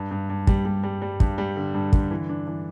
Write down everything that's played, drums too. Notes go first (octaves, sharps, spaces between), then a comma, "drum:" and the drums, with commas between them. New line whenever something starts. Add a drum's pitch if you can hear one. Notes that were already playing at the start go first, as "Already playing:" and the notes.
Already playing: G2
G2
G2
G3, drum: kick
G3
G3
G3
G2, drum: kick
G3
D3
G2
D3, drum: kick
E3
D4
E3